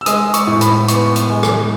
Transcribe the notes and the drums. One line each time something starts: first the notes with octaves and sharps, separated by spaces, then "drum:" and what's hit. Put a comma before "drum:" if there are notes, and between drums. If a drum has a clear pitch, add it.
E6
G#3 D#6, drum: hi-hat
C#6, drum: hi-hat
A2
B5, drum: hi-hat
B3 C#6, drum: hi-hat
drum: hi-hat
G#3
drum: rim click